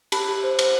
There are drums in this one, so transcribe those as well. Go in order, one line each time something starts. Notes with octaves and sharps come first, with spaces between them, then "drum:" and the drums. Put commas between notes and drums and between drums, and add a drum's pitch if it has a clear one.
G4 A5 B5, drum: cymbal
G4
C5
C5, drum: cymbal